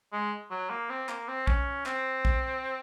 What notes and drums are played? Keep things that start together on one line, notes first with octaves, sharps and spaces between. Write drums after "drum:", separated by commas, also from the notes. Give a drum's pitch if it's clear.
G#3
F#3
A#3
C4
A#3, drum: clap
C4
C#4, drum: kick
C4, drum: clap
drum: kick